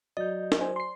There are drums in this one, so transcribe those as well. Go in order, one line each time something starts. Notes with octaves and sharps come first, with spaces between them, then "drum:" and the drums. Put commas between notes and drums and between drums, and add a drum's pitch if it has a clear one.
F#3 D5 D#5 G6
drum: snare
C5 G#5
C6 C7